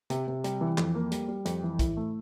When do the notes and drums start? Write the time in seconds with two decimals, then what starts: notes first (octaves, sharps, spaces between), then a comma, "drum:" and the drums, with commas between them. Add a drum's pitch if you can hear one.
0.10 C3, drum: hi-hat
0.28 C3
0.44 G3, drum: hi-hat
0.61 E3
0.78 F2, drum: clap
0.95 A#3
1.12 G3, drum: hi-hat
1.28 G3
1.46 F2, drum: hi-hat
1.63 E3
1.79 E4, drum: kick A#1, hi-hat
1.97 A3